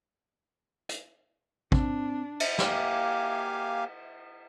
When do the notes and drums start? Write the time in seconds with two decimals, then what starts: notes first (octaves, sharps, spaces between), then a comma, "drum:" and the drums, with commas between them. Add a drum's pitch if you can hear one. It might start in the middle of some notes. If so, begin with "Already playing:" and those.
0.89 drum: hi-hat
1.72 C4 D4, drum: kick
2.40 drum: cymbal
2.58 A#3 G4 F5 G#5, drum: snare